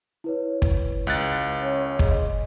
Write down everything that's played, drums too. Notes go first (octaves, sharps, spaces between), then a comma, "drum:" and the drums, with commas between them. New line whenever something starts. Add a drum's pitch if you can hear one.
E4 B4 C#5
drum: kick
C#2 F#6 A6
C#4
G#3, drum: kick